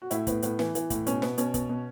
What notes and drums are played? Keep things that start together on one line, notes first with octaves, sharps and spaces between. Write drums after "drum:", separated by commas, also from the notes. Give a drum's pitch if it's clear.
F#4
A2 E4, drum: hi-hat
A2 B3, drum: kick, hi-hat
A2 B3, drum: hi-hat
E3, drum: snare
E3, drum: hi-hat
A2, drum: kick, hi-hat
B2 C#4, drum: hi-hat
B2 B3, drum: snare
B2 C#4, drum: hi-hat
B2, drum: kick, hi-hat
B2